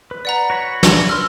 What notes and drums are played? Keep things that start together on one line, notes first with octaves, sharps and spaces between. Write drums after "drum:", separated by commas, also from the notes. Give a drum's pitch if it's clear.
B4
D5 F#5 A#5
F#4 C#5 B5
drum: snare
C6 E6 F6